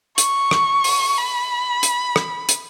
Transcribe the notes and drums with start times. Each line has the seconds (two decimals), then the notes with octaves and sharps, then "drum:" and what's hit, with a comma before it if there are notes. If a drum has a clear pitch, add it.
0.18 C#6, drum: hi-hat
0.51 drum: rim click
0.84 drum: open hi-hat
1.18 B5
1.83 drum: hi-hat
2.16 drum: rim click
2.49 drum: hi-hat